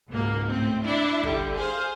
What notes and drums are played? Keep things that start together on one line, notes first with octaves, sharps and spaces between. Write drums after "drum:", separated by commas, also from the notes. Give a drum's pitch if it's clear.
C#2 G#2 B2 A#3
A2 C4
D4 E4
D3 G3, drum: kick
G#4 C5 F5